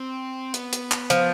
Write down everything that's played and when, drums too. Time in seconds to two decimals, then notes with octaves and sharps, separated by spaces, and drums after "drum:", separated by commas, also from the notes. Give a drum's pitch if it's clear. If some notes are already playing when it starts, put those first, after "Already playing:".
Already playing: C4
0.54 B3, drum: hi-hat
0.73 drum: hi-hat
0.92 drum: clap
1.10 F3, drum: hi-hat